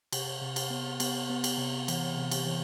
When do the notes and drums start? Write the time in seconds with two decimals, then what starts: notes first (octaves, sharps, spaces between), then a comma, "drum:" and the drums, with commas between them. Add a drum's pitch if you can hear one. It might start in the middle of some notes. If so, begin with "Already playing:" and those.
0.13 C3, drum: cymbal
0.42 C3
0.56 drum: cymbal
0.70 B3
1.00 B3, drum: cymbal
1.30 B3
1.44 drum: cymbal
1.58 C3
1.88 E3, drum: cymbal
2.17 C3
2.31 drum: cymbal
2.46 E3